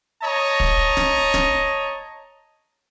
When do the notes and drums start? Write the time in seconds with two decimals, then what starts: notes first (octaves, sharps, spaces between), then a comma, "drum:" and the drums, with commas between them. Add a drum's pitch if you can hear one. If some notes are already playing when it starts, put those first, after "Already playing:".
0.23 C#5 D#5 A5 A#5
0.60 drum: kick
0.97 drum: snare
1.34 drum: snare